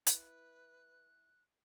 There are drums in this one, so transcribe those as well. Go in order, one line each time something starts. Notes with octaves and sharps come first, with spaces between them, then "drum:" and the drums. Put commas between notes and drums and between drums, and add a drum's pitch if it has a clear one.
E4 B4 F#6, drum: hi-hat